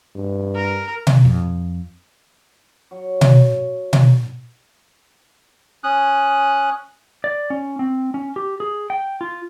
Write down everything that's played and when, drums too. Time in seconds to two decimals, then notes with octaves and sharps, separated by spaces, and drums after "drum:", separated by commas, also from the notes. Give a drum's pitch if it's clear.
0.15 G2
0.55 A#4
1.07 drum: tom B2
1.25 F2
2.91 F#3
3.21 drum: tom B2
3.93 drum: tom B2
5.84 C#4 D#6 F#6
7.24 D5
7.50 C#4
7.79 C4
8.14 C#4
8.36 G4
8.60 G#4
8.90 G5
9.21 F4